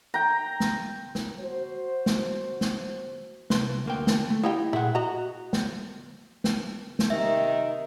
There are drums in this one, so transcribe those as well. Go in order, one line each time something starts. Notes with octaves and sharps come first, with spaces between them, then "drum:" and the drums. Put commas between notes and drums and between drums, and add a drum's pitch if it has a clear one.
G5 A#5
drum: snare
drum: snare
F#4 C5
drum: snare
drum: snare
C2 B4 C6, drum: snare
D2 A#3 G5
drum: snare
A3
F3 D#4 E4 G4
A#2 E4 G#4 F#5
F#4 D#5 A#5
drum: snare
drum: snare
drum: snare
C3 D#3 E5